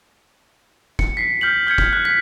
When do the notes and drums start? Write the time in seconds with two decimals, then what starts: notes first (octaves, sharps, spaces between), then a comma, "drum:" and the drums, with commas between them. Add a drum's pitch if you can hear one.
0.99 C#7, drum: kick
1.17 B6 C7
1.41 F6 G6 B6 F#7
1.67 F6 G6 G#6 C#7
1.78 drum: kick
1.93 F#6 C#7
2.05 B6